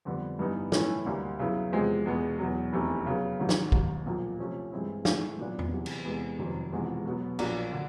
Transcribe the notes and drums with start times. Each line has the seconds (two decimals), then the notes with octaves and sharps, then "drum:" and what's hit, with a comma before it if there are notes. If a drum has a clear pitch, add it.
0.05 F2 D3 G3 B3
0.39 G2 E3 G3 B3 D#4
0.72 A2 E3 A3 C#4, drum: snare
1.06 D2 D3 G3 A#3
1.39 F#2 C#3 F#3 B3 E4
1.72 E2 C3 F3 G#3 C4
2.06 E2 B2 G#3 B3
2.39 E2 B2 F#3
2.72 F1 E2 C3 E3 A3
3.06 C#3 F#3 B3
3.39 A1 G#2 D#3 F#3
3.49 drum: snare
3.72 E1 D#2 D#3, drum: kick
4.05 B1 A#2 F3 A#3
4.39 C3 F3 A3 C#4
4.72 G2 E3 G#3 C4 E4
5.05 G#1 G#2 E3 A3, drum: snare
5.39 A#2 F#3 B3 D4
5.59 drum: tom E2
5.73 E2 C3 E3
5.86 drum: cymbal
6.06 E2 C3 E3 G#3 B3
6.38 F1 F2 C3 D#3 F#3
6.72 E1 E2 C3 F3 G#3
7.06 B2 F#3 B3
7.39 A#1 A#2 F#3 A#3 D4, drum: cymbal
7.72 D3